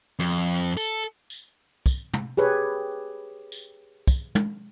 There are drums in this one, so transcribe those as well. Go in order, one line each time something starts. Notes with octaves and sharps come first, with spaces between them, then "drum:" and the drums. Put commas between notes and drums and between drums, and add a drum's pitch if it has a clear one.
F2, drum: rim click
A4, drum: tambourine
drum: tambourine
drum: kick, tambourine
drum: tom
G4 G#4 B4 C#5
drum: tambourine
drum: kick, tambourine
drum: tom